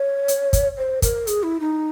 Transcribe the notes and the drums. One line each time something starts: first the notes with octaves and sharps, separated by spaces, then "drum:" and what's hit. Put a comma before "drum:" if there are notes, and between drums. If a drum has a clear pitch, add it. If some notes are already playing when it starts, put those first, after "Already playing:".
Already playing: C#5
drum: hi-hat
drum: kick, hi-hat
C5
A#4, drum: kick, hi-hat
G#4, drum: hi-hat
E4
D#4